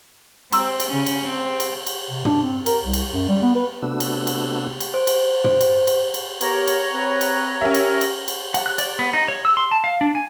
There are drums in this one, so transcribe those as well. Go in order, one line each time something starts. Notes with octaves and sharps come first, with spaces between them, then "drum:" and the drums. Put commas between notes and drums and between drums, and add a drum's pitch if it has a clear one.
C4 A#5 C6 E6, drum: cymbal
drum: cymbal
C#3 C#4
drum: cymbal
C4
drum: cymbal
drum: cymbal
C3
D4, drum: tom
C4
A#4, drum: cymbal
C2
drum: cymbal
F#2
G3
B3
B4
C3 A3 B3 D4 F#4 E6
drum: cymbal
drum: cymbal
drum: cymbal
C5
drum: cymbal
C5, drum: tom
drum: cymbal
drum: cymbal
drum: cymbal
B3 G4 A#4 C#5 A#5, drum: cymbal
drum: cymbal
C4 B4
drum: cymbal
C#4 G4 A#4 E5
drum: cymbal
drum: cymbal
drum: cymbal
F#5, drum: cymbal
F#6
D5, drum: cymbal
B3
D#4
C#5
E6
C6
A5
F5
D4
G#5